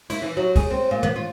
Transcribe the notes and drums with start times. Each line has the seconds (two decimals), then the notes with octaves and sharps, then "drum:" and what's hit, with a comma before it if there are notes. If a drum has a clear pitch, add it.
0.10 E4, drum: cymbal
0.22 E3
0.37 F#3
0.56 G#4, drum: kick, cymbal
0.71 C4
0.91 A#2
1.03 B3, drum: tom
1.16 F4